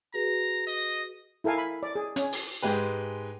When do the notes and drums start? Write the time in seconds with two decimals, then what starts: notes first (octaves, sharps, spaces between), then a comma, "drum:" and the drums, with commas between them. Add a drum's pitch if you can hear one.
0.14 F#4 G#4 B4 A#5
0.67 D#5
1.44 E4 A4 A#4 F5 G#5
1.58 B5
1.83 D5
1.95 G#4
2.16 C#4, drum: hi-hat
2.33 drum: open hi-hat
2.62 G#2 G#3 G4 B4